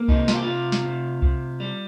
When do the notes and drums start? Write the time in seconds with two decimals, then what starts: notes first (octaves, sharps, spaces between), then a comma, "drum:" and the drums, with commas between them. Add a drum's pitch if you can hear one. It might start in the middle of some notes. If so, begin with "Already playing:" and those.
Already playing: A#3
0.08 C3 D#4, drum: kick C2
0.28 F4, drum: snare
0.36 G4
0.42 C3 F4
0.72 drum: snare
0.84 C3
1.22 C3, drum: kick C2
1.60 G3